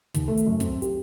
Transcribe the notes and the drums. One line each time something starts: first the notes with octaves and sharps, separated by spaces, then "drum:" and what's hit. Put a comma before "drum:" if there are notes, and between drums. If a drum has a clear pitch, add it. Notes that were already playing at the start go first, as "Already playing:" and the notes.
D#2, drum: kick, hi-hat
A3
drum: hi-hat
F#2
C4, drum: kick, hi-hat
G4, drum: hi-hat